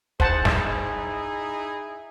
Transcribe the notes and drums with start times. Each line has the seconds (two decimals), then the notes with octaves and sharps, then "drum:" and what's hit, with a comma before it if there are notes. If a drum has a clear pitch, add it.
0.20 D#4 E4 G#4 C5 F#5 A5, drum: kick
0.45 drum: snare